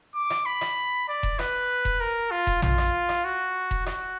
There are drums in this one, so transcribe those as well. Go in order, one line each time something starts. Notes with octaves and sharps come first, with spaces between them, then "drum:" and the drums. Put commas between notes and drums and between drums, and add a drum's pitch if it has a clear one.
D6
drum: rim click
B5
drum: rim click
D5
drum: kick E1
B4, drum: rim click
drum: kick E1
A#4
F4
drum: kick E1
F4, drum: tom A#1
drum: rim click
drum: rim click
F#4
drum: kick E1
F#4, drum: rim click